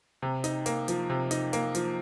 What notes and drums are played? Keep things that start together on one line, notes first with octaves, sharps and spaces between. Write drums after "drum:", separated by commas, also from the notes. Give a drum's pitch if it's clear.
C3
D#4, drum: hi-hat
A#3, drum: hi-hat
F3, drum: hi-hat
C3
D#4, drum: hi-hat
A#3, drum: hi-hat
F3, drum: hi-hat